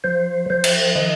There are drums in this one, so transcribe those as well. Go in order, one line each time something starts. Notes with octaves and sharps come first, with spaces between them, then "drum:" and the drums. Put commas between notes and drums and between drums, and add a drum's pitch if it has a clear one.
F3 C5
F3 C5
drum: cymbal
D#3 D#5